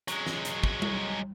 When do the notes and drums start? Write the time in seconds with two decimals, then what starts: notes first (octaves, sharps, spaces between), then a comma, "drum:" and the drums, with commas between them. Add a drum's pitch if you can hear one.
0.08 F#3 G#3, drum: hi-hat
0.26 drum: snare
0.45 drum: hi-hat
0.64 drum: kick
0.82 drum: tom G3